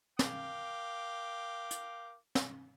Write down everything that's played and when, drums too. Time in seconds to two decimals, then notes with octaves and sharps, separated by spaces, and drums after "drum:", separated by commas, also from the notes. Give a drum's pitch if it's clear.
0.19 A#4 F5 G5 D6, drum: snare
1.71 drum: hi-hat
2.35 drum: snare